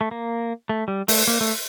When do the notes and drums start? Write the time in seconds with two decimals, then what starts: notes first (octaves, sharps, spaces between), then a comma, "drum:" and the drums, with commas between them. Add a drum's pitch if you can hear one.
0.01 A3
0.11 A#3
0.69 A3
0.88 G3
1.08 A3, drum: open hi-hat
1.27 A#3
1.41 A3